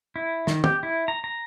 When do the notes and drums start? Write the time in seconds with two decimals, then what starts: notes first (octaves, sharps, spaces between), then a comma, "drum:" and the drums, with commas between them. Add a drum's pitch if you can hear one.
0.16 E4
0.47 D#3, drum: snare
0.64 G4, drum: tom
0.83 E4
1.08 A#5
1.24 A#5